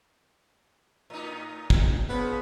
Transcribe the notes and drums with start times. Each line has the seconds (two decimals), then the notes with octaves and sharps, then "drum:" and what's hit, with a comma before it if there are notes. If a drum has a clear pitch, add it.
1.10 A2 D#4
1.70 drum: kick
2.09 C#3 F3 B3